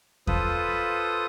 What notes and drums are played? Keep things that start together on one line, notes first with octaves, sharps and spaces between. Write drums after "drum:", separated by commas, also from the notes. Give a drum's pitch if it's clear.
F4 A4 B4 C5 D#6, drum: kick E2